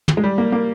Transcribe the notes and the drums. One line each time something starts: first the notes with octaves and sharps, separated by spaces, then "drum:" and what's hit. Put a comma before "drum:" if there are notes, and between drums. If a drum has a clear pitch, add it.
drum: tom
G#3
G3
A#3
A#3